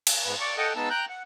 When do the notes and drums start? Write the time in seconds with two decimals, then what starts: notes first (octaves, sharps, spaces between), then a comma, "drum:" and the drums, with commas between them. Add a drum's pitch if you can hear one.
0.07 drum: cymbal
0.24 G#2 B3
0.41 D5 C#6
0.57 A4 D#5 F#5 G5
0.76 G#3 B3 D#4 A5 E6
0.90 G5 A#5 F#6 G6
1.09 F#5